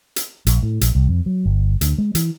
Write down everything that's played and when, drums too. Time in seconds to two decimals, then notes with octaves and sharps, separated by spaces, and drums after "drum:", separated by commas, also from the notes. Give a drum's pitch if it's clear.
0.16 drum: hi-hat
0.47 A#1, drum: hi-hat
0.63 A2
0.81 A#1, drum: hi-hat
0.95 C2
1.08 F2
1.26 F#3
1.45 G1
1.81 D2, drum: hi-hat
1.98 G#3
2.15 E3, drum: hi-hat